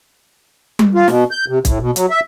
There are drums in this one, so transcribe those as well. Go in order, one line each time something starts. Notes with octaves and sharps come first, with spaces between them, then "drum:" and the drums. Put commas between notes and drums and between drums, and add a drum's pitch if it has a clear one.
drum: tom G3
F4
B2, drum: snare
G6
C3
A2, drum: kick, hi-hat
B2
F#3, drum: hi-hat
E5